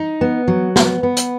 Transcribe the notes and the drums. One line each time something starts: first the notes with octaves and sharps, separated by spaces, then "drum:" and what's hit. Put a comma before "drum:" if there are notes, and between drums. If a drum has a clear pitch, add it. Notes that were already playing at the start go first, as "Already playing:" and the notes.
Already playing: D#4
B3
F#3
B3, drum: snare
B3
drum: hi-hat